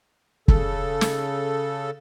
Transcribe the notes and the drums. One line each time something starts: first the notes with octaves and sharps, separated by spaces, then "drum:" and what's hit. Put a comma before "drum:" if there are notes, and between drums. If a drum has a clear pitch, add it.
C#3 A4, drum: kick
drum: snare